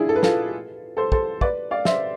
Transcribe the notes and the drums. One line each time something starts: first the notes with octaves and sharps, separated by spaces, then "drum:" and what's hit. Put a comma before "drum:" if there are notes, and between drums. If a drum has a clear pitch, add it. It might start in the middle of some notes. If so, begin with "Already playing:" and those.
Already playing: D4 E4 F4 G#4
A4
B4
F4 A4, drum: snare
A4 C5
A4 C5, drum: kick
B4 D5, drum: kick
D5 F5
C5 E5, drum: snare